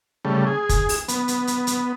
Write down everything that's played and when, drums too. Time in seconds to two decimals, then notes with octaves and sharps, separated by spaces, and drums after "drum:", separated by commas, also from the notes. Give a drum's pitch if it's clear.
0.25 C#3 G3 A3
0.47 G#4
0.69 drum: kick, hi-hat
0.89 drum: open hi-hat
1.08 B3, drum: hi-hat
1.28 drum: hi-hat
1.47 drum: hi-hat
1.67 drum: hi-hat